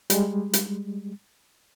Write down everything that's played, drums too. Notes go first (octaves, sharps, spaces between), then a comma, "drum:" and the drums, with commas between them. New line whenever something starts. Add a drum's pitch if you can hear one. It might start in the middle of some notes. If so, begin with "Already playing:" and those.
G3 G#3, drum: hi-hat
drum: hi-hat